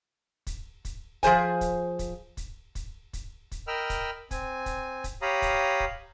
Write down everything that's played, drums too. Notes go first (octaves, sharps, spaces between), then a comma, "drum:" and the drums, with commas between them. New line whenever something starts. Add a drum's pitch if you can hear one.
drum: kick, hi-hat
drum: kick, hi-hat
F3 G#4 C5 G#5, drum: kick, hi-hat
drum: kick, hi-hat
drum: kick, hi-hat
drum: kick, hi-hat
drum: kick, hi-hat
drum: kick, hi-hat
drum: kick, hi-hat
A#4 D#5 G5 B5 E6 F6
drum: kick, hi-hat
C4 G#5, drum: kick, hi-hat
drum: kick, hi-hat
drum: kick, hi-hat
G4 C#5 F5 A#5 B5 D#6
drum: kick, hi-hat
drum: kick